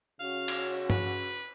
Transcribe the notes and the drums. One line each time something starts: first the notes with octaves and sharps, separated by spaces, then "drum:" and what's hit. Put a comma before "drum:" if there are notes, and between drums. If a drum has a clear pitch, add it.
C#3 C#4 F#4 F5
drum: cymbal
B4, drum: tom